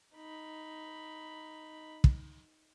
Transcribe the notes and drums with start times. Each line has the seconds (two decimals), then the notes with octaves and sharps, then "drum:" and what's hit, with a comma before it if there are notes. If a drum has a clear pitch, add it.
0.16 D#4 B5
2.04 drum: kick